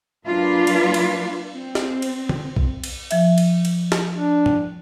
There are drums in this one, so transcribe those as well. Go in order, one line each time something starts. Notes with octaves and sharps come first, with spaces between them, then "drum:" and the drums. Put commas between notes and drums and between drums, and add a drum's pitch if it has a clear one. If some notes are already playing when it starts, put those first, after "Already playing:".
F#3 A#3 D4 F4 B4
drum: cymbal
drum: cymbal
C4
drum: snare
drum: cymbal
drum: tom D3
drum: kick A#1
drum: cymbal
F3 E5, drum: cymbal
drum: cymbal
drum: cymbal
drum: snare
D4
drum: tom G#2